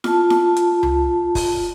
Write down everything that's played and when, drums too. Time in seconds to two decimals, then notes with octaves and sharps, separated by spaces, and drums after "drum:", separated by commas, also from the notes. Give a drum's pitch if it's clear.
0.04 F4 A5, drum: snare E4
0.30 drum: snare E4
0.57 drum: hi-hat
0.83 drum: tom C#2
1.35 drum: kick, open hi-hat